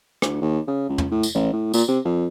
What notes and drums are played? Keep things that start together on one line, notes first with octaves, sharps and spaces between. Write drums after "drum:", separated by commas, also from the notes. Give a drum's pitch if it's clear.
D2, drum: rim click
D#2
C#3
C#2
drum: tom
A2
drum: tambourine
A1
A2
A#2, drum: tambourine
C3
F2